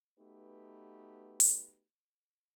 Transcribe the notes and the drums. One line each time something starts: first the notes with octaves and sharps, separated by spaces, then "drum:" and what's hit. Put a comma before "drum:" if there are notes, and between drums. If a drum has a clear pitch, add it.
A3 B3 D#4 F#4 G4 B4
drum: open hi-hat